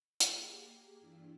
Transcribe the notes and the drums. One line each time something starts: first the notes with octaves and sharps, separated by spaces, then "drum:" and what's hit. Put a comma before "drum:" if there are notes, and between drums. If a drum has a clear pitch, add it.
A#3 G4 G#4 G5, drum: hi-hat
G2 E3 D4 E4 F4